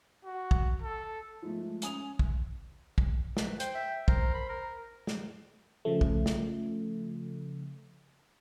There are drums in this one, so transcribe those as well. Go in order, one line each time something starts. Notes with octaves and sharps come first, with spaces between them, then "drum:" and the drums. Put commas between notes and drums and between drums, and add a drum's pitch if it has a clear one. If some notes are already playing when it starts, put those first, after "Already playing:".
F#4
drum: kick
A4
F3 G#3 A3
C#4 G#5 D#6 F7, drum: hi-hat
drum: kick
drum: kick
B4, drum: snare
C5 G5, drum: hi-hat
E5
A#4 C5, drum: kick
B5
A#4
drum: snare
C#3 F3 A3
drum: kick
drum: snare